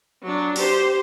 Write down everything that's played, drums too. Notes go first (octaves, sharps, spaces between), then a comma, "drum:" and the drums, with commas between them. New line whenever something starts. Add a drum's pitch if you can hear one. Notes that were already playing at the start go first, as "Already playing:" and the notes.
F#3 D4
G4 C5, drum: open hi-hat